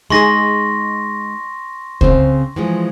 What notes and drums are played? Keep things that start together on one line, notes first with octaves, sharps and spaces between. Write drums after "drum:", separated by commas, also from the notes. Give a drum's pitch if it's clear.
G#3 D#4 G#4 C6 C#6 A#6
C#3 C4 C5, drum: kick C#2
E3 F3 G#3